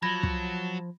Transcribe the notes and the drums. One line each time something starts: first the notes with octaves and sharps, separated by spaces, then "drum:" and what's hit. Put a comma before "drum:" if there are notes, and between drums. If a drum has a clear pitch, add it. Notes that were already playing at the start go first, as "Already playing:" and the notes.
F3 F#3 A5 B5 G#6 A#6
drum: kick